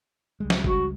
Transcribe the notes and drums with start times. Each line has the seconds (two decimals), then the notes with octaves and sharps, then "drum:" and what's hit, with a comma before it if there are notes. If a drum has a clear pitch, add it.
0.40 C#2 G3 G#3
0.50 drum: snare
0.64 F#4, drum: kick G1